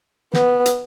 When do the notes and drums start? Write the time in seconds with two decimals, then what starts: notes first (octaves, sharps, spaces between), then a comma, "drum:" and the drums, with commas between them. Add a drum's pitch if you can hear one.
0.34 B3, drum: snare
0.66 drum: hi-hat